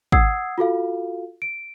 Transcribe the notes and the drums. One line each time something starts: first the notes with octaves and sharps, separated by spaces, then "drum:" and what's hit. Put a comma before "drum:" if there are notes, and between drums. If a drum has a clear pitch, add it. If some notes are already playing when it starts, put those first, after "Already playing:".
F#5 D#6 E6 G#6 C7, drum: kick G#1
F4 F#4 A4 F5
D7